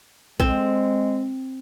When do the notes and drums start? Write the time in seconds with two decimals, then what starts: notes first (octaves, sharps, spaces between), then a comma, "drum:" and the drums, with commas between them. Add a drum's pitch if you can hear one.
0.40 G#3 C4, drum: kick